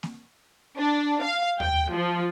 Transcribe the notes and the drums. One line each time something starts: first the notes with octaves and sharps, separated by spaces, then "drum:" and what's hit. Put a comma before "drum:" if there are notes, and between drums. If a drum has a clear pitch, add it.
drum: snare A#3
D4
F5
G5, drum: tom D#2
F3